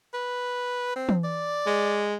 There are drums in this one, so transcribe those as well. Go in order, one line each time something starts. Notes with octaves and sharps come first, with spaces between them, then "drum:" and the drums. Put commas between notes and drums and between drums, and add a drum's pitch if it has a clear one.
B4
C4
drum: tom E3
D5
G#3